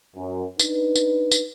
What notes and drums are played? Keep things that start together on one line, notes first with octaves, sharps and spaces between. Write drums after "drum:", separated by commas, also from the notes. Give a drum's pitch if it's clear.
F#2
D4 D#4 B4, drum: tambourine
drum: tambourine
drum: tambourine